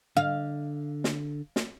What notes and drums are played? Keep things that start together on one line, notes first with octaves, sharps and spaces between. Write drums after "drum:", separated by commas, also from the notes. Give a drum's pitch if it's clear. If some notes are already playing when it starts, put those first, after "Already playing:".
D3 F5
drum: snare
drum: snare